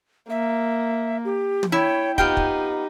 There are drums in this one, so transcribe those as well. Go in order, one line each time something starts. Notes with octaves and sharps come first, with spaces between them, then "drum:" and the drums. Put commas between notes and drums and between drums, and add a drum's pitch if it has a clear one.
A#3 E5
G4
drum: tom
E4 C#5 G5
B3 D#4 F4 G4 G5, drum: kick
drum: kick